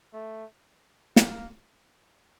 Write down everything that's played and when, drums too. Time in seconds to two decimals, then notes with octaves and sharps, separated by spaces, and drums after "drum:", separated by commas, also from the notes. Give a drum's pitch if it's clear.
0.13 A3
1.16 A#3, drum: snare